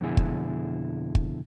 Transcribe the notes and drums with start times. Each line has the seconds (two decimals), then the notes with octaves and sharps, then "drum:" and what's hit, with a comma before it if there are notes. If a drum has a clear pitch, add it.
0.01 F2 B2 D3 E4 G#4
0.17 drum: kick
1.15 drum: kick